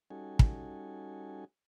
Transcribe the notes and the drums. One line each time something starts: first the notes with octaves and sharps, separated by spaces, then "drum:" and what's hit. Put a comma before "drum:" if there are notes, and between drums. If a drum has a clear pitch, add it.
G3 C#4 D#4 F#4 A4 G#5
drum: kick